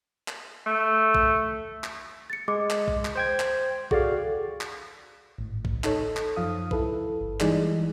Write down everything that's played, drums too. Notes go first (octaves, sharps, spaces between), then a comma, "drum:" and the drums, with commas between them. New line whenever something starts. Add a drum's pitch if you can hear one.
drum: clap
A3
drum: kick
drum: clap
A6 C#7
G#3 D6
drum: clap
drum: kick
drum: clap
C5 G5 G#6
drum: clap
F#4 G#4 A4 D5 F5, drum: kick
drum: clap
G#1 A2
drum: kick
D#4 A4 C#5, drum: clap
drum: clap
F#2 F3 F5 D#6
E4 A4 B4, drum: kick
G1
E3 G3 G#3 D#4 G#4 D5, drum: clap